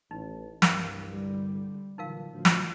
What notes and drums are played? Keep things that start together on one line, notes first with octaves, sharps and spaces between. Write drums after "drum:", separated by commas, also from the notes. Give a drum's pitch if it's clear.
A1 D#4
C2 G2 A#4 F5 G5, drum: snare
D3 G3
A#2 D3 E3 F#3 D#4 A#4 F5
A2 D3 F3 F#3
drum: snare